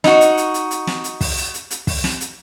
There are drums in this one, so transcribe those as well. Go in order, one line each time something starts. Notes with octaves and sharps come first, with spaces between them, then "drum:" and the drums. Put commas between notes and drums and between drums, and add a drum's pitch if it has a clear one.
D#4 F#4, drum: snare
drum: hi-hat
drum: hi-hat
drum: hi-hat
drum: hi-hat
drum: snare
drum: hi-hat
drum: kick, open hi-hat
drum: hi-hat
drum: hi-hat
drum: hi-hat
drum: kick, open hi-hat
drum: snare
drum: hi-hat